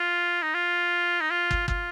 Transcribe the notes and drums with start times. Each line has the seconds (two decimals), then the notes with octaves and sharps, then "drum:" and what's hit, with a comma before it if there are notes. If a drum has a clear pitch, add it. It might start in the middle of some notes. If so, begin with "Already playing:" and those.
Already playing: F4
0.42 D#4
0.54 F4
1.21 D#4
1.30 F4
1.51 drum: kick
1.68 F4, drum: kick